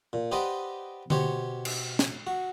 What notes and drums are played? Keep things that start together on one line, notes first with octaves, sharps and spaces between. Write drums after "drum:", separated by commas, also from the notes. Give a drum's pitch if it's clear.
A#2
G4 B4 C5 D5 D#5 F#5
B2 G4 C5 C#5, drum: tom D3
drum: cymbal
drum: snare
F#4